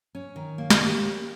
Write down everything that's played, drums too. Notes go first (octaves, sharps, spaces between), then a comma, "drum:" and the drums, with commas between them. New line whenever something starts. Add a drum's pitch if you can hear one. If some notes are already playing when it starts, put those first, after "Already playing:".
C#4
D#3
A#3
drum: snare
G4
C#4